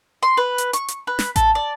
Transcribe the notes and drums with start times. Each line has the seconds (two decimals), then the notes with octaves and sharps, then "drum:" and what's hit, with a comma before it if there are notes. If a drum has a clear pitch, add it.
0.23 C6
0.37 B4
0.58 drum: hi-hat
0.73 C#6, drum: hi-hat
0.88 drum: hi-hat
1.07 B4
1.19 drum: snare
1.36 A4, drum: kick A1, hi-hat
1.55 D5